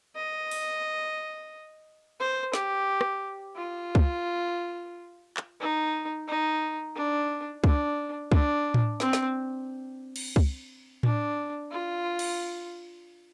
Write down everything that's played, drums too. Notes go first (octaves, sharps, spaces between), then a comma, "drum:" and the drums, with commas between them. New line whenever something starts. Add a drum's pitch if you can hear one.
D#5
drum: open hi-hat
C5
G4, drum: snare
drum: rim click
F4
drum: kick
drum: clap
D#4
D#4
D4
D4, drum: kick
D4, drum: kick
drum: tom A2
C4, drum: snare
drum: snare
drum: cymbal
drum: kick
D4, drum: tom A2
F4
drum: cymbal